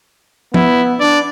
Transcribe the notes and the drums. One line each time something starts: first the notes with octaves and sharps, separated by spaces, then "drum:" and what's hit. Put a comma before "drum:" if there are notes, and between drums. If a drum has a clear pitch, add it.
B3 E4, drum: tom
D4 D5